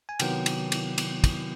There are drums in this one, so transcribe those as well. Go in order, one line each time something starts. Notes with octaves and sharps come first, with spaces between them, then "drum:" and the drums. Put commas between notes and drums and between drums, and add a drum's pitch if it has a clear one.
G#5
C3 D#3 F#3 B3 G5, drum: cymbal
drum: cymbal
drum: cymbal
drum: cymbal
drum: kick, cymbal